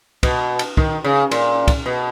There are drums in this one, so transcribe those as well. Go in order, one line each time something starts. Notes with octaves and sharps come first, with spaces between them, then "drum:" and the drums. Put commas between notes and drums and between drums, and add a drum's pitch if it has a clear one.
B2, drum: kick, cymbal
drum: cymbal
D#3, drum: kick
C#3
A#2, drum: cymbal
drum: kick, cymbal
B2